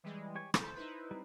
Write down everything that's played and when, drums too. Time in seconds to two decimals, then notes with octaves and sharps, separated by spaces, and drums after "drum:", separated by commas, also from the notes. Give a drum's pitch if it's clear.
0.04 E3 G3 G#3
0.35 G4 C#5 G#5
0.54 E4 A4 C5, drum: rim click
0.75 D#4 E4 B4
1.11 G3 C4